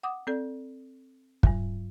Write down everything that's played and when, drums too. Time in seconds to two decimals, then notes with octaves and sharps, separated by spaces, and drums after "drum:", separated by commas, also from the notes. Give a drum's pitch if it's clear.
0.03 F#5 D6 D#6
0.27 C4 A4 D5
1.43 G2 F#3, drum: kick